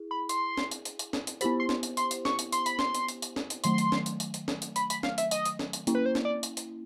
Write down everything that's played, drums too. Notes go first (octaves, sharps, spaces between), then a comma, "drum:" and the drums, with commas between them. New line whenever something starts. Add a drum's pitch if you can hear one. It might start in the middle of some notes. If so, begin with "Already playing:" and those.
Already playing: E4 G#4
B5
C6, drum: hi-hat
drum: snare
drum: hi-hat
drum: hi-hat
drum: hi-hat
drum: snare
drum: hi-hat
B3 E4 G4 C5 B5, drum: hi-hat
C6
drum: snare
drum: hi-hat
C6, drum: hi-hat
drum: hi-hat
C#6, drum: snare
drum: hi-hat
C6, drum: hi-hat
B5, drum: hi-hat
C6, drum: snare
drum: hi-hat
drum: hi-hat
drum: hi-hat
drum: snare
drum: hi-hat
D#3 F#3 A3 C6, drum: hi-hat
drum: hi-hat
drum: snare
drum: hi-hat
drum: hi-hat
drum: hi-hat
drum: snare
drum: hi-hat
B5, drum: hi-hat
B5, drum: hi-hat
F5, drum: snare
E5, drum: hi-hat
D#5, drum: hi-hat
drum: hi-hat
drum: snare
drum: hi-hat
A#3 C#4 E4, drum: hi-hat
B4
C5
drum: snare
D5
drum: hi-hat
drum: hi-hat